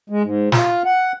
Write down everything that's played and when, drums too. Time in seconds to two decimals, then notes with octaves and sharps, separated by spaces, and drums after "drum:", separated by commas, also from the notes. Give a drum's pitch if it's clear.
0.10 G#3
0.23 G#2
0.52 F4, drum: snare
0.85 F#5